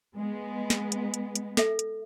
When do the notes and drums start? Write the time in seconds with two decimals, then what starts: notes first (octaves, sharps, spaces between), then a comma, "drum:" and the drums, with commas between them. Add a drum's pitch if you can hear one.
0.17 G#3 B3
0.70 drum: snare
0.92 drum: hi-hat
1.14 drum: hi-hat
1.35 drum: hi-hat
1.57 A4 E5, drum: snare
1.79 drum: hi-hat